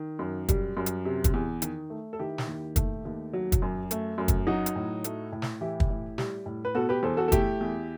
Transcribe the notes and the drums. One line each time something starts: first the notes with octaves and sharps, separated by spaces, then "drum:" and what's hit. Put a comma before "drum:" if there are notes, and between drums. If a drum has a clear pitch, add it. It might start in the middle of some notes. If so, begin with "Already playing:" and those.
Already playing: D#3
F#2
G3, drum: kick, hi-hat
F#2
drum: hi-hat
C3
drum: kick, hi-hat
E2
D#3, drum: hi-hat
A3
A4
D#3 E4 G4
drum: snare
D#2
A3, drum: kick, hi-hat
D#2
F#3
drum: kick, hi-hat
F#2
A3, drum: hi-hat
F#2
drum: kick, hi-hat
F#3 D#4 F#4
drum: hi-hat
A2
A3, drum: hi-hat
A2
drum: snare
E3 E4 G4
drum: kick
A2
G3, drum: snare
A2
B4
B2 F#4 A4
G4 B4
E2 A4 C5
F#4 A4
A4
A3 E4 G4, drum: kick, hi-hat
E2